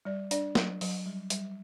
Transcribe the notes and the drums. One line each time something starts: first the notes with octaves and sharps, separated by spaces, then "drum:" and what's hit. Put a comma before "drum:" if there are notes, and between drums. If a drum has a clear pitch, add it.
G3 D5
D4 D5, drum: hi-hat
F#3, drum: snare
F#3, drum: open hi-hat
G3
G3, drum: hi-hat